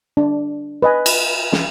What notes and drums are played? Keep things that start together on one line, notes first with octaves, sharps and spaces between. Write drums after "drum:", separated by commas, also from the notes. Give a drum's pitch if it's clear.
D4
B4 D#5 G#5
drum: cymbal
drum: snare